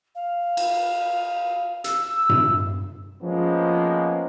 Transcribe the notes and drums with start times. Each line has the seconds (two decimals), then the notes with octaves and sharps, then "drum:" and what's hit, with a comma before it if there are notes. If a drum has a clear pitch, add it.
0.15 F5
0.57 drum: cymbal
1.84 E6, drum: hi-hat
2.29 drum: tom G2
3.22 F3 G#3 A#3 B3 C#4